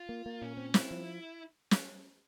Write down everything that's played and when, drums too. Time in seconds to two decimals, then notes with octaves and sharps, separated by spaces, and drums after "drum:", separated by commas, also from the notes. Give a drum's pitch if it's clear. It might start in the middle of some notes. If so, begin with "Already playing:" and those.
Already playing: F4
0.09 A#3
0.26 A#3
0.42 A#2 C#4
0.57 C4
0.74 C4 E4, drum: snare
0.91 F3
1.71 drum: snare